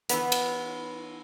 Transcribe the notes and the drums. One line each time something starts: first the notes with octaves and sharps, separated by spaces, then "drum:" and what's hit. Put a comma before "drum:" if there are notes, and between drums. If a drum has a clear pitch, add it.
E3 B3, drum: hi-hat
drum: cymbal